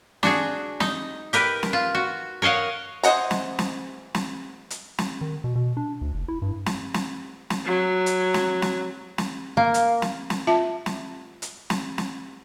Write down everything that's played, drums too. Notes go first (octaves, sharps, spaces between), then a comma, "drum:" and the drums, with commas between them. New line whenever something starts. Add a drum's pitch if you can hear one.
D4 F#4 G#4, drum: snare
D#4, drum: snare
G4 A#4 B4, drum: hi-hat
drum: snare
F4
F#4
A#4 C#5 D#5 F5 F#5
E3 C5 D#5 F#5 A#5, drum: hi-hat
drum: snare
drum: snare
drum: snare
drum: hi-hat
drum: snare
D#3
B2
B2
D4
D2
F#1
E4
G2
drum: snare
drum: snare
drum: snare
F#3
drum: hi-hat
drum: snare
drum: snare
drum: snare
A#3
drum: hi-hat
drum: snare
drum: snare
F4 E5 A5
drum: snare
drum: hi-hat
drum: snare
drum: snare